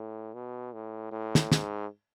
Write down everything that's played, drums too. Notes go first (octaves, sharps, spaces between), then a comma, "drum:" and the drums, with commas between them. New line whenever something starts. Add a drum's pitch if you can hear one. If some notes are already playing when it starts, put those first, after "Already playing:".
Already playing: A2
B2
A2
A2
drum: snare
G#2, drum: snare